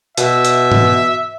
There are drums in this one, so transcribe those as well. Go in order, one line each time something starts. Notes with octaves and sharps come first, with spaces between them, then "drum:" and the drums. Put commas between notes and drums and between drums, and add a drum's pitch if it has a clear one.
B2 E5, drum: hi-hat
drum: hi-hat
drum: tom G#2